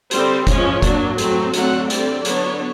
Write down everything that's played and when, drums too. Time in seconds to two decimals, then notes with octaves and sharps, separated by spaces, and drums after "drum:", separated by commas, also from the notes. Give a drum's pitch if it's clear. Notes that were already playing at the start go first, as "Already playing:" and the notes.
0.11 D3 G3 C4 C5, drum: hi-hat
0.47 F3 G#3 C#4 C#5, drum: kick F1, hi-hat
0.82 F#3 A#3 D4, drum: kick F1, hi-hat
1.18 F#3 A3 C4, drum: hi-hat
1.54 D3 F#3 A3 C4 F#5, drum: hi-hat
1.90 D3 G3 C4 D5, drum: hi-hat
2.25 D3 F#3 B3 D4 C#5, drum: hi-hat